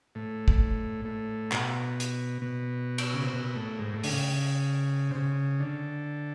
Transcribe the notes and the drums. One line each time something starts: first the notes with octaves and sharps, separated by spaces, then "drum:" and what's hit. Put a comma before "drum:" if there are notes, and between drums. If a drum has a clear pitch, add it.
A2
drum: kick
A2
B2, drum: clap
drum: hi-hat
B2
drum: cymbal
C#3
C3
B2
A2
G#2
A2
D3, drum: open hi-hat
C#3
C3
C#3
D3